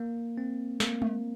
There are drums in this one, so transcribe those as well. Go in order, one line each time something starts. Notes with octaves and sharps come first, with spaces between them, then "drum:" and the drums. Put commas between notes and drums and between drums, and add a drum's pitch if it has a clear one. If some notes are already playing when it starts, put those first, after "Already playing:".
Already playing: A#3
C4
A#3, drum: snare
drum: tom G#3